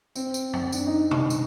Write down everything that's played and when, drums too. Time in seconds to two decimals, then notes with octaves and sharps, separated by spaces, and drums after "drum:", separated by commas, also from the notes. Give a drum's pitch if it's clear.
0.15 C4, drum: tambourine
0.34 drum: tambourine
0.53 drum: tom F#2
0.72 D4, drum: tambourine
0.87 D#4
1.11 drum: tom B2
1.30 drum: tambourine